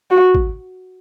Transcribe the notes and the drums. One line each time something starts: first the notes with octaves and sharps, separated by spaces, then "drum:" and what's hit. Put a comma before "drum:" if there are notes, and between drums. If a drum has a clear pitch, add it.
F#4
drum: kick G#1